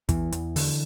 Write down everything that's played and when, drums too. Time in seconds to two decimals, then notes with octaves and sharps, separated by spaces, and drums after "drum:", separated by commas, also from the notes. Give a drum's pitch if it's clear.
0.09 E2 E3, drum: kick, hi-hat
0.32 E2, drum: hi-hat
0.56 D3, drum: open hi-hat